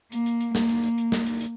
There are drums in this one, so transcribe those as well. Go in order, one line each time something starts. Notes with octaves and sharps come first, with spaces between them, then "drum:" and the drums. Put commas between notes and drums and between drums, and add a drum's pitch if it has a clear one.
A#3, drum: hi-hat
drum: hi-hat
drum: hi-hat
A#3, drum: snare
drum: hi-hat
drum: hi-hat
drum: hi-hat
drum: snare
drum: hi-hat
drum: hi-hat